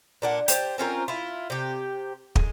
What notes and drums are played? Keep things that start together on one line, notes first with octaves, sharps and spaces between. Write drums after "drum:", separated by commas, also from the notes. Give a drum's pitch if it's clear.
A#2 D4 F#5
G4 C5 A5, drum: hi-hat
C4 C#4 F4 A#4
E4 F4
C3 G4
G#3, drum: kick